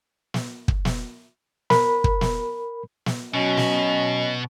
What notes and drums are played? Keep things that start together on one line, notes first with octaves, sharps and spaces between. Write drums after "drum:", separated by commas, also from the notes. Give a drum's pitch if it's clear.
drum: snare
drum: kick
drum: snare
A#4 B5, drum: snare
drum: kick
drum: snare
drum: snare
B2 F#3 C#4 D#5
drum: snare